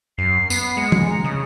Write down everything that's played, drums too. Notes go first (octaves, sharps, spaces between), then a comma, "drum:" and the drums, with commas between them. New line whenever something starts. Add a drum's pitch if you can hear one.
F#2 C7
B3, drum: tambourine
G#3 C#7
drum: tom
A#5
C#3 D#6